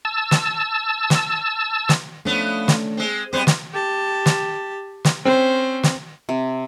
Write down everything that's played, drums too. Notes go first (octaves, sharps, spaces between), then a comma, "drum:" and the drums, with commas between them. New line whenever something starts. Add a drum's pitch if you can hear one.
A5 E6
drum: snare
drum: snare
drum: snare
F3 A3 B3 C#4 D4
drum: snare
G#3 C4
G3 B3 C4 C5 D#5
drum: snare
G4 A5
drum: snare
drum: snare
C4 C#4 C5
drum: snare
C3